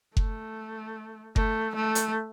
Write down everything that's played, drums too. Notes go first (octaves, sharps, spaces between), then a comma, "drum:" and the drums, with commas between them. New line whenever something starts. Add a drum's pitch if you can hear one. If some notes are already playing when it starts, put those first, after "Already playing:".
A3, drum: kick F#1
A3, drum: kick F#1
A3
drum: hi-hat